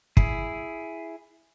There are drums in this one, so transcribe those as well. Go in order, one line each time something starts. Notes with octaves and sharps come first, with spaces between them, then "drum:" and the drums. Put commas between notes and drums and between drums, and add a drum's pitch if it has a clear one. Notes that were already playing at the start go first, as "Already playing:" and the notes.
E4 G#4, drum: kick